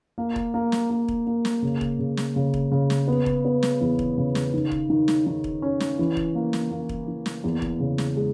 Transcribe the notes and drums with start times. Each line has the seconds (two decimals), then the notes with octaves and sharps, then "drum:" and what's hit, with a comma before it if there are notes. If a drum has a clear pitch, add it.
0.18 A#3
0.36 drum: kick E1
0.54 A#3
0.72 drum: snare
0.90 A#3
1.08 drum: kick E1
1.27 A#3
1.45 drum: snare
1.63 C#3
1.81 drum: kick E1
1.99 C#3
2.17 drum: snare
2.36 C#3
2.54 drum: kick E1
2.72 C#3
2.90 drum: snare
3.08 B3
3.26 drum: kick E1
3.45 B3
3.63 drum: snare
3.81 E2
3.99 drum: kick E1
4.18 C#3
4.35 drum: snare
4.54 D#3
4.71 drum: kick E1
4.90 D#3
5.08 drum: snare
5.27 D#3
5.44 drum: kick E1
5.62 C#4
5.80 drum: snare
5.99 E3
6.17 drum: kick E1
6.35 A#3
6.53 drum: snare
6.71 A#3
6.89 drum: kick E1
7.08 E3
7.26 drum: snare
7.44 E2
7.62 drum: kick E1
7.80 C#3
7.98 drum: snare
8.16 G#3